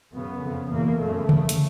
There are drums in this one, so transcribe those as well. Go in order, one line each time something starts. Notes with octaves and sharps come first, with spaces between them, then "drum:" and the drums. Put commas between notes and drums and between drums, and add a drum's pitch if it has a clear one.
F#2 C#3 B3
F2 C#3
E2 B2 A#3
F#2 C#3 A3
E2 C#3, drum: tom C#3
drum: hi-hat